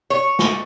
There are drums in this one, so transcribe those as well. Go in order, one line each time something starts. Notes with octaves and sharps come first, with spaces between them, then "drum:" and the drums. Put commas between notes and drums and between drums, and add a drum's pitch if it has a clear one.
C#5
drum: snare